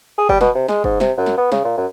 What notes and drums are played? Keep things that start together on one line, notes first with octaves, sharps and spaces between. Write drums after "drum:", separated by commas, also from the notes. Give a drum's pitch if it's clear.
G#4
G3, drum: kick F#1
B2, drum: snare
C3
G#3, drum: snare
G#2, drum: kick F#1
C3, drum: snare
F#2
drum: snare
B3
C#3, drum: snare
A#2
F#2